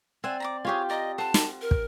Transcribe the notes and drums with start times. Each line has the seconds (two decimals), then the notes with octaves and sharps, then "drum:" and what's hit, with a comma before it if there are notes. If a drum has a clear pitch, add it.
0.24 C4 D5 E5 F#5 G#5
0.40 A#5 B5 D6
0.65 F4 G4 G#4 C#5 G#5
0.90 D5 D#5 A#5 D#6
1.18 A4 C5 F#5 A5
1.34 drum: snare
1.62 A#4
1.71 drum: kick